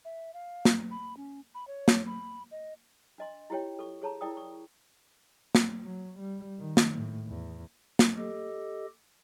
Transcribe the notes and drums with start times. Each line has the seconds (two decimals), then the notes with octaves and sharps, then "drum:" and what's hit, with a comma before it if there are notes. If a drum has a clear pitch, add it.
0.05 E5
0.34 F5
0.65 drum: snare
0.91 B5
1.17 C#4
1.55 B5
1.67 C#5
1.88 drum: snare
2.06 B5
2.51 D#5
3.18 D4 D#5 C6
3.50 E4 F4 G4 C#5 G5
3.79 A4 C#6
4.02 G#4 C#5 A5 A#5
4.21 E4 A#4 D5 G5 D#6
4.37 C#6
5.55 drum: snare
5.83 F#3
6.19 G3
6.59 D#3
6.77 drum: snare
6.95 A2
7.27 E2
7.99 drum: snare
8.17 G4 A4 D#5